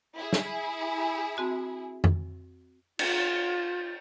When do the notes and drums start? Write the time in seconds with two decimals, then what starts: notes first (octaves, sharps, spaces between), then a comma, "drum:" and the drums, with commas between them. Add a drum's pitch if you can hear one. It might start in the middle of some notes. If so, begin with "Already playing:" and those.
0.16 E4 G#4
0.33 drum: snare
1.37 C4 F#4 A5
2.04 drum: tom F2
2.99 F4, drum: cymbal